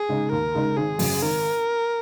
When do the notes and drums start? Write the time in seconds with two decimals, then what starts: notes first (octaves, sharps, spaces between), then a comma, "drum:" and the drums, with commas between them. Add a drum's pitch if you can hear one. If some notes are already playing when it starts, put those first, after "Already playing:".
Already playing: G#4
0.09 C#3 G#3 D#4
0.31 D#2 A#4
0.55 C#3 G#3 D#4
0.77 G#1 G#4
0.99 F#2 C#3, drum: open hi-hat
1.22 G#1 A#4